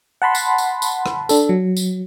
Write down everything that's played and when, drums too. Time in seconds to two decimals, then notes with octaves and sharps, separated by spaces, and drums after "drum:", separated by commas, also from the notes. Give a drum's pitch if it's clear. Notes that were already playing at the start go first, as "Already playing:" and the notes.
0.22 F#5 A5 B5 C6
0.35 drum: tambourine
0.58 drum: tambourine
0.82 drum: tambourine
1.06 drum: rim click
1.29 D4 A4, drum: tambourine
1.49 F#3
1.77 drum: tambourine